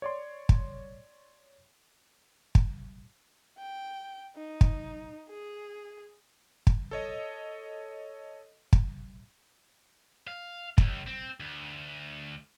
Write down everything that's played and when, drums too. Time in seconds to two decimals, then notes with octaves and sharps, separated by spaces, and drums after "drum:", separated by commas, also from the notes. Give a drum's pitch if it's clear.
0.02 C#5 D5 C6
0.49 drum: kick
2.55 drum: kick
3.58 G5
4.36 D#4
4.61 drum: kick
5.29 G#4
6.67 drum: kick
6.91 A4 C#5 D#5
8.73 drum: kick
10.27 F5
10.78 C#2, drum: kick
11.07 C4
11.40 D2